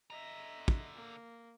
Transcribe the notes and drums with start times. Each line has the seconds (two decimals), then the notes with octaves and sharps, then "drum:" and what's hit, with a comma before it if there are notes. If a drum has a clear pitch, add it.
0.10 D3 D#5 E5 A#5
0.68 drum: kick
0.95 A#3